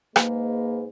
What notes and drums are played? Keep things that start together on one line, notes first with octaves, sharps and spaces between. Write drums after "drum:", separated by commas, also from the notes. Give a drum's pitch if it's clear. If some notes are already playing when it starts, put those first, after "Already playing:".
G#2 G#3 A#3 B4, drum: rim click